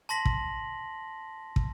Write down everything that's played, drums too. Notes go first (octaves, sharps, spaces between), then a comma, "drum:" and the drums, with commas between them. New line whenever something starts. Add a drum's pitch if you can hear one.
A5 C6 A#6 B6 F#7
drum: kick
drum: kick